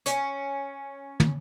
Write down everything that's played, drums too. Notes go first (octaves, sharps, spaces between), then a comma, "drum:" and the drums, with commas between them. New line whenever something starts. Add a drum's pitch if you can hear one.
C#4, drum: hi-hat
drum: tom